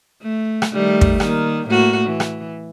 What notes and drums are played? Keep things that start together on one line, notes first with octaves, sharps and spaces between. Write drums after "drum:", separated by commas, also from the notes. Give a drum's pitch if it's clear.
A3
drum: rim click
D#3 G3 A3
drum: kick
D#3 A#3, drum: rim click
A2 A#3 F#4
E3
drum: rim click